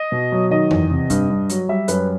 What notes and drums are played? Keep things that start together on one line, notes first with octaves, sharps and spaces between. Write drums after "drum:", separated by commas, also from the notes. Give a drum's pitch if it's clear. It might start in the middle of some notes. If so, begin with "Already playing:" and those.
Already playing: D#5
B2
F#3
D#3 D#5
E2, drum: tom F2
C3
G2, drum: kick F2, hi-hat
G2
F#3, drum: hi-hat
G3 E5
F#2 B4, drum: hi-hat